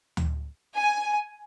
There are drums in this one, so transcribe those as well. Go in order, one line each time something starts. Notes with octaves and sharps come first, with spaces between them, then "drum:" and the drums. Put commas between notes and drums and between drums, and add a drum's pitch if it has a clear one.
drum: tom D2
G#5